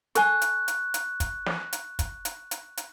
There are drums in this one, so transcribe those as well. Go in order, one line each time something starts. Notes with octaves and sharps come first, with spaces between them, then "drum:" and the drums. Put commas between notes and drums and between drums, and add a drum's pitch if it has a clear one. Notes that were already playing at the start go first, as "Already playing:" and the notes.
A4 G#5 C#6 F#6, drum: hi-hat
drum: hi-hat
drum: hi-hat
drum: hi-hat
drum: kick, hi-hat
drum: snare
drum: hi-hat
drum: kick, hi-hat
drum: hi-hat
drum: hi-hat
drum: hi-hat